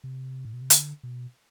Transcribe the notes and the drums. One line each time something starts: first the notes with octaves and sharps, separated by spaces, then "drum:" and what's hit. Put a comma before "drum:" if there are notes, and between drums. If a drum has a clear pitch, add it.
C3
A2
B2
C3
D3, drum: hi-hat
B2